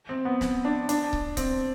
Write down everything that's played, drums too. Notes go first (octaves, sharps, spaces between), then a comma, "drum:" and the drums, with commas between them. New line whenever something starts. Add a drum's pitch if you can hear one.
C4
B3
drum: snare
D4
D4, drum: hi-hat
drum: kick C#1
C4, drum: kick C#1, hi-hat